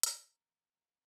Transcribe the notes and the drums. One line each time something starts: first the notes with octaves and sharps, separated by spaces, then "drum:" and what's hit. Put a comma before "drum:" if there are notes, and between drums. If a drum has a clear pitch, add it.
A#3, drum: hi-hat
F2
F3
F3
A#3
A#3